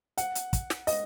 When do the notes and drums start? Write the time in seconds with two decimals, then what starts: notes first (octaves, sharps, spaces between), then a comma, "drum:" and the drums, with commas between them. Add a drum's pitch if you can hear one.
0.18 F#5, drum: hi-hat
0.35 drum: hi-hat
0.53 drum: kick, hi-hat
0.70 drum: snare
0.87 D#5, drum: open hi-hat